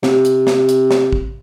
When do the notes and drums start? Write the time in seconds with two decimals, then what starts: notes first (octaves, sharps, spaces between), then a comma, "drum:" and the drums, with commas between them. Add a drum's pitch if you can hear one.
0.03 C3, drum: snare
0.25 drum: hi-hat
0.47 drum: snare
0.69 drum: hi-hat
0.91 drum: snare
1.13 drum: kick